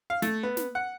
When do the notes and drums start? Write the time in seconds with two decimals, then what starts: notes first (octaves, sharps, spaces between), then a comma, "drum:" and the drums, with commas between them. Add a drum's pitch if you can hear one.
0.10 F5
0.22 A3, drum: snare
0.43 B3
0.57 drum: snare
0.75 F#5